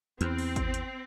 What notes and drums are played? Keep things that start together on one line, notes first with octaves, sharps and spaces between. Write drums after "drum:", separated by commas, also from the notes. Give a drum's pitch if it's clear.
E2 C4, drum: hi-hat
drum: open hi-hat
drum: kick G#1, hi-hat
drum: hi-hat